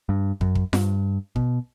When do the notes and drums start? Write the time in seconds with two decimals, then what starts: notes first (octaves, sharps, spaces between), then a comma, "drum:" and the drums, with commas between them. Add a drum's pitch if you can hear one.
0.09 G2
0.41 F#2, drum: kick
0.55 drum: kick
0.73 G2, drum: snare F4
1.36 B2, drum: kick